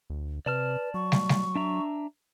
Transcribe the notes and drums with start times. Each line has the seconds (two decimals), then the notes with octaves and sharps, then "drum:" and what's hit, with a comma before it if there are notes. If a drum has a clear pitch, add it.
0.10 D2
0.46 C3 B4 D5 A5 F6
0.94 F#3 C#6
1.12 drum: snare
1.29 drum: snare
1.56 D4 E5 A#5